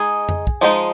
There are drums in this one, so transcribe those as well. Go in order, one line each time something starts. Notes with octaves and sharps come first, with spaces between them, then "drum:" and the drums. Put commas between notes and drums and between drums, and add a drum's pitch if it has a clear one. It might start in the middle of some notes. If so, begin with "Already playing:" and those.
Already playing: G#3 D#4 G#4
drum: tom F2
drum: kick
F3 G#3 C4 D#4